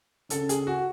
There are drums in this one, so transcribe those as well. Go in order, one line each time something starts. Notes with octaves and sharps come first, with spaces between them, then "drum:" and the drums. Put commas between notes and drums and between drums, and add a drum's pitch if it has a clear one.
C#3 A4, drum: hi-hat
G#4, drum: hi-hat
F#4